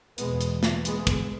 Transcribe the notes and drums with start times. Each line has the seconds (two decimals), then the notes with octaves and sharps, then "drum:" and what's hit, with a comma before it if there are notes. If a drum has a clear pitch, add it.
0.18 E2 B2 G#3 B3, drum: hi-hat
0.41 drum: hi-hat
0.63 drum: snare
0.85 G#3 B3, drum: hi-hat
1.07 drum: kick, hi-hat